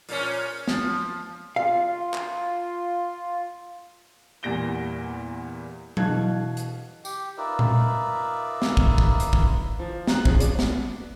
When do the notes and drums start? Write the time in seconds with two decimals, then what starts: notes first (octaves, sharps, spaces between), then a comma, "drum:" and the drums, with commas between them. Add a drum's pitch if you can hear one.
0.09 A#2 C#4, drum: open hi-hat
0.68 F3, drum: snare
1.56 F4 F5
2.14 drum: clap
4.43 E2 A#2 G3 A#6 D7 G7
5.97 B2 E3 F5 A5 F#6 G#6, drum: tom F#3
6.57 drum: hi-hat
7.05 G4 G5, drum: tambourine
7.38 D#4 F4 A#4 B4 D5 E5
7.59 drum: tom A#2
8.62 drum: snare
8.77 drum: kick
8.98 drum: kick
9.20 drum: hi-hat
9.33 drum: kick
9.79 F3
10.07 A#5 F#6, drum: snare
10.25 F3 C4 C#4 G#4, drum: kick
10.41 D5, drum: hi-hat
10.59 drum: snare